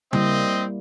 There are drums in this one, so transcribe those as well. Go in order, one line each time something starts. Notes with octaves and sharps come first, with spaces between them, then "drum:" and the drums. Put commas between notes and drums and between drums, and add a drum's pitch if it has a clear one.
G3 A#3 C4 E4 D#5, drum: tom C#3